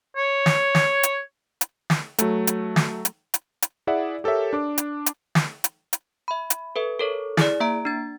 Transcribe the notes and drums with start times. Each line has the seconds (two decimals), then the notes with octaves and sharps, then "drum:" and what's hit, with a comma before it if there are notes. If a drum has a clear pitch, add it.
0.17 C#5
0.46 drum: snare
0.75 drum: snare
1.03 drum: hi-hat
1.61 drum: hi-hat
1.90 drum: snare
2.19 F#3 A3, drum: hi-hat
2.47 drum: hi-hat
2.76 drum: snare
3.05 drum: hi-hat
3.34 drum: hi-hat
3.62 drum: hi-hat
3.87 E4 G#4 D5 E5 F#5
4.24 G4 A4 A#4 C#5 E5
4.53 D4 D6
4.78 drum: hi-hat
5.06 drum: hi-hat
5.35 drum: snare
5.64 drum: hi-hat
5.93 drum: hi-hat
6.28 E5 B5
6.50 drum: hi-hat
6.76 A4 B4 E5
6.99 A4 A#4 C#5
7.37 E4 G#4 D5, drum: snare
7.60 A#3 E5 A#5 D7
7.85 D4 A6